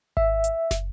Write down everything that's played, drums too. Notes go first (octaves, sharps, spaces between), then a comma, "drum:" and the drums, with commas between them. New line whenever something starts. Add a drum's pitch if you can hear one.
E5, drum: kick G#1
drum: hi-hat
drum: snare